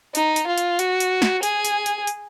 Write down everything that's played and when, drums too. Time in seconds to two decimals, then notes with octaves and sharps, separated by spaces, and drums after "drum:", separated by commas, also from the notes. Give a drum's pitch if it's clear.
0.15 D#4, drum: hi-hat
0.36 drum: hi-hat
0.47 F4
0.58 drum: hi-hat
0.79 F#4, drum: hi-hat
1.00 drum: hi-hat
1.22 drum: snare
1.43 G#4, drum: hi-hat
1.65 drum: hi-hat
1.86 drum: hi-hat
2.07 drum: hi-hat